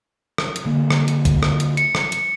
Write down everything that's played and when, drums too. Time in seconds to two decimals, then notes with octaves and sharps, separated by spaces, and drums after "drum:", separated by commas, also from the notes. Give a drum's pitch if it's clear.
0.38 drum: rim click
0.56 drum: hi-hat
0.65 D3 A#3
0.91 drum: rim click
1.08 drum: hi-hat
1.25 drum: kick, hi-hat
1.43 drum: rim click
1.60 drum: hi-hat
1.77 C#7, drum: hi-hat
1.95 drum: rim click
2.12 drum: hi-hat